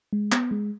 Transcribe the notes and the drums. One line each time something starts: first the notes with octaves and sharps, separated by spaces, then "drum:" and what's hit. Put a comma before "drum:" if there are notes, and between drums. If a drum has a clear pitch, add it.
G#3
B3, drum: clap
G#3